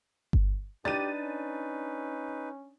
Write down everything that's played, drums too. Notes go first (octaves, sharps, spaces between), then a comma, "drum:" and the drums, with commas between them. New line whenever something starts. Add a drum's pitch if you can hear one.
drum: kick G1
D4 D#4 G4 B4 A6 D#7
C#4